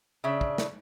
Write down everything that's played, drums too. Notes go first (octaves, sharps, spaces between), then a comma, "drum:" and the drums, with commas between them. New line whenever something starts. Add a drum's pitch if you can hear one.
C#3 D4 E5
drum: kick
drum: snare